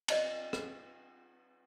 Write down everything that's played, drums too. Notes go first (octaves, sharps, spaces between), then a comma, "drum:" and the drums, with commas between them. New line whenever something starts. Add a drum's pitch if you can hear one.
D5 D#5 A5, drum: cymbal
drum: rim click